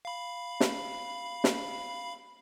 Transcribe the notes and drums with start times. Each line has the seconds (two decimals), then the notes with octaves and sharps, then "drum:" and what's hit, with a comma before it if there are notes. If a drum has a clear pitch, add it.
0.05 F5 B5
0.60 drum: snare
1.44 drum: snare